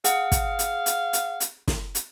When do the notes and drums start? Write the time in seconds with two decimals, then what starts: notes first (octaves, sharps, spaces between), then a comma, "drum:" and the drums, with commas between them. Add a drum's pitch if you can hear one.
0.04 G#4 F5 F#5, drum: hi-hat
0.32 drum: kick, hi-hat
0.59 drum: hi-hat
0.86 drum: hi-hat
1.13 drum: hi-hat
1.40 drum: hi-hat
1.68 drum: snare
1.95 drum: hi-hat